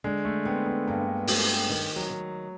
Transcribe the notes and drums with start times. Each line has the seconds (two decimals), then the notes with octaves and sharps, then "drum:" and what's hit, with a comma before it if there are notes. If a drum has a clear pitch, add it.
0.04 D3 G#3
0.25 A3
0.45 B3 C4
0.66 B3
0.87 G2 A#3
1.27 A3 C4, drum: open hi-hat
1.70 D#3
1.96 F#3
2.10 D#3